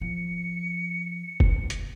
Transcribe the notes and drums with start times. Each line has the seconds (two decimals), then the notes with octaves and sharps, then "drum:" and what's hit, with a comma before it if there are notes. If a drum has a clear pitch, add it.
0.01 F3 C#7
1.40 drum: kick F1
1.70 drum: hi-hat